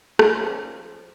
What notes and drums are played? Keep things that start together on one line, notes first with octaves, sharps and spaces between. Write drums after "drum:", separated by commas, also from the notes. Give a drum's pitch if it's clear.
D#4 F#5, drum: rim click
F3 G3 A3 A#3 C#4
F3